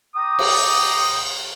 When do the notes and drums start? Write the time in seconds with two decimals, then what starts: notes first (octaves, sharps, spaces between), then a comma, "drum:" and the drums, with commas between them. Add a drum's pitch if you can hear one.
0.16 G5 A#5 D6 D#6
0.39 drum: cymbal